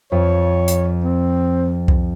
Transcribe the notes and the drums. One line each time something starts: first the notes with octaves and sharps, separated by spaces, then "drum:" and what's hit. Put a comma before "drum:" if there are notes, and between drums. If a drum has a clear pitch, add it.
F2 C#5
drum: hi-hat
C4
drum: kick C2